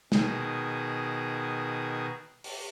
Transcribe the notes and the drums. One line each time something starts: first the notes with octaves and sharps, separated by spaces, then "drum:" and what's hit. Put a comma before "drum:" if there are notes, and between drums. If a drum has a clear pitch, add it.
B2 D#3 G#4, drum: snare
drum: open hi-hat